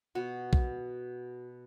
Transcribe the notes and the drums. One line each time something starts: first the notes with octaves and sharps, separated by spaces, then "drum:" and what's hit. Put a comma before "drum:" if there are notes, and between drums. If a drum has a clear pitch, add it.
B2 F#4
drum: kick A#1